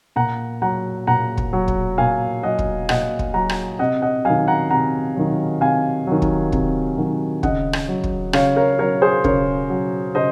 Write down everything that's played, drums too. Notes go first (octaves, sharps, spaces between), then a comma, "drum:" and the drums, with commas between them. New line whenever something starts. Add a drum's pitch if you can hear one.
A#2 F#5 A#5
F#3 F#5 A#5
A#2 F#5 A#5
drum: kick
F#3
drum: kick
A#2 F5 G#5
F#3 D#5 F#5
drum: kick
A#2 D#5 F#5, drum: rim click
drum: kick
F#3 F#5 A#5
drum: rim click
C3 D#5 F#5
D#5 F#5
D#3 F#3 F5 G#5
F#5 A#5
C3 F#5 A#5
D#3 F#3
C3 F5 G#5
D#3 F#3
drum: kick
C3, drum: kick
D#3 F#3
C#3 D#5 F#5, drum: kick
drum: rim click
F#3
drum: kick
C#3 C#5 F5, drum: rim click
A#4 C#5
F#3 A#4 C#5
G#4 C5
C#3 A#4 C#5, drum: kick
F#3
C#3 C5 D#5